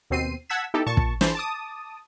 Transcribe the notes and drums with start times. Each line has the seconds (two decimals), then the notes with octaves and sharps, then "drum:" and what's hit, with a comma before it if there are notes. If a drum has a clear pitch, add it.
0.10 D#2 B2 C4 C7 D#7
0.49 F#5 A5 E6 G#6 B6 E7
0.74 B3 D#4 E4 G4 A4
0.86 A#2 A5 C#6
0.97 drum: kick
1.21 E3 C5 A5, drum: snare
1.35 A5 D6 D#6